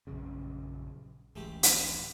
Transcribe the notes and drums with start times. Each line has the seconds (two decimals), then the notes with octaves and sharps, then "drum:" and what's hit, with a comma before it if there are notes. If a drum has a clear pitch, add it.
0.07 A#1 F#2 C#3
1.36 D1 A1 G#3 A3 G4
1.63 drum: hi-hat